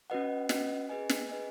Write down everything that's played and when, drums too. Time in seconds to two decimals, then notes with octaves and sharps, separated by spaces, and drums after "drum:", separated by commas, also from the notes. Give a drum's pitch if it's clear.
0.10 C#4 F#4 B4 D#5 F#5
0.49 C#4 F#4 B4 D#5 F#5, drum: snare
0.89 G#4 B4 D#5 G#5
1.09 drum: snare
1.29 G#4 B4 D#5 G#5